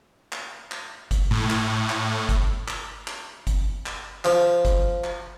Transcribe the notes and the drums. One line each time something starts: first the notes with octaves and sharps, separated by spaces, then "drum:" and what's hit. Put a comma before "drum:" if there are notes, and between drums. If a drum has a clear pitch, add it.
drum: clap
drum: clap
drum: kick G1, hi-hat
A2
drum: clap
drum: clap
drum: kick G1, hi-hat
drum: clap
drum: clap
drum: kick G1, hi-hat
drum: clap
F3, drum: clap
drum: kick G1, hi-hat
drum: clap